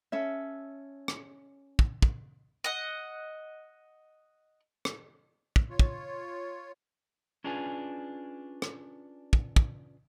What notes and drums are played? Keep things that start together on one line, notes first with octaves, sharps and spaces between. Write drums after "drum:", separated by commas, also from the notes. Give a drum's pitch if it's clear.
C#4 A4 E5
drum: rim click
drum: kick
drum: kick
D#5 F#5
drum: rim click
drum: kick
F4 C#5
drum: kick
C#4 D4 F4 G#4 B4 G#5
drum: rim click
drum: kick
drum: kick